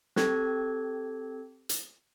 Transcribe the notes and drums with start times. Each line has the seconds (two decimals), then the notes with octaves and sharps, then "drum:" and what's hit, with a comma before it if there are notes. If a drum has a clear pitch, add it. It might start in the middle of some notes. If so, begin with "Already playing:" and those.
0.16 C4 G4 A4 G#6, drum: snare
1.69 drum: hi-hat